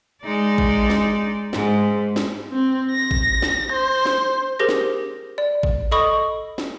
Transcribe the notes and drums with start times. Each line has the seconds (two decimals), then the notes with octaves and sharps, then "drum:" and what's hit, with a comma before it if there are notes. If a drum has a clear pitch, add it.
0.23 G#3 D#4 D5
0.58 drum: kick A1
0.90 drum: snare
1.53 G#2, drum: snare
2.16 drum: snare
2.53 C4
2.92 A#6
3.11 drum: kick A1
3.42 drum: snare
3.72 C5
4.06 drum: snare
4.59 G4 G#4 A#4 C5 A#6
4.69 drum: snare
5.38 D5
5.63 drum: kick A1
5.91 A4 D#5 B5 C#6 D#6
6.58 drum: snare